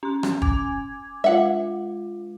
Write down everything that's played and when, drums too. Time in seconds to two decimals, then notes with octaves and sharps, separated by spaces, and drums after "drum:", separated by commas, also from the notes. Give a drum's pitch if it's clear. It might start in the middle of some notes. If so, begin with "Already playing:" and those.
0.03 C#4 C6
0.23 drum: rim click
0.42 G#5 D6 G#6, drum: kick
1.24 G#3 F4 E5 F#5